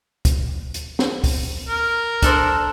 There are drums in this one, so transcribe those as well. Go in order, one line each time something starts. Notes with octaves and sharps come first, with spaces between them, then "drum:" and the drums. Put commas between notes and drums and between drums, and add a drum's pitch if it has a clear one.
drum: kick, hi-hat
drum: hi-hat
drum: snare
drum: kick, open hi-hat
A#4
D4 A4 C5, drum: kick, hi-hat